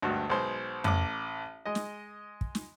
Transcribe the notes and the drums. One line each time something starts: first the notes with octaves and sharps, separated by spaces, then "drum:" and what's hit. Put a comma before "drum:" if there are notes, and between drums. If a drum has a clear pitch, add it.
G#1 D2 G2 F#4
B1 G#3 C5
A1 D6, drum: tom F2
G#3 D#5
drum: snare
drum: kick
drum: snare